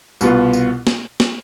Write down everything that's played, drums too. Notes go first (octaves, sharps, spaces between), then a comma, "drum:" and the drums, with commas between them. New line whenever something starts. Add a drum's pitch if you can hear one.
C2 B2 B3 F4, drum: tambourine
drum: tambourine
drum: snare
drum: snare